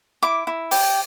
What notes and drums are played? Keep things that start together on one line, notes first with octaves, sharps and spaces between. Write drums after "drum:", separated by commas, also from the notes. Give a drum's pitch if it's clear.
E4 D6
E4
G4, drum: open hi-hat